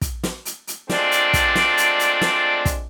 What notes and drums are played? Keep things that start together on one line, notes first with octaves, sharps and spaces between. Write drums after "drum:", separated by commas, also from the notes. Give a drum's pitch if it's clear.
drum: kick, hi-hat
drum: snare
drum: hi-hat
drum: hi-hat
G#3 A3 C4 D4 F4 D5, drum: snare
drum: hi-hat
drum: kick, hi-hat
drum: snare
drum: hi-hat
drum: hi-hat
drum: snare
drum: kick, hi-hat